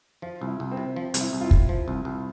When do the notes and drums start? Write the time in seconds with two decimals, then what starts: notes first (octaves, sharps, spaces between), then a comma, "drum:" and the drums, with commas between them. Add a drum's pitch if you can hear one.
0.22 F3 F4
0.41 C2
0.48 E4
0.60 C2
0.71 C4
0.77 C3
0.96 F3
1.14 C2, drum: hi-hat
1.21 E4
1.33 C2
1.41 F4
1.45 E4
1.51 C3, drum: kick
1.69 F3
1.88 C2
2.05 C2